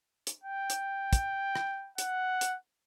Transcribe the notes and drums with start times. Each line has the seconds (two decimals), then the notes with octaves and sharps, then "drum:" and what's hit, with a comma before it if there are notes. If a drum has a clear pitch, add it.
0.27 drum: hi-hat
0.44 G5
0.70 drum: hi-hat
1.13 drum: kick, hi-hat
1.55 drum: rim click
1.98 F#5, drum: hi-hat
2.41 drum: hi-hat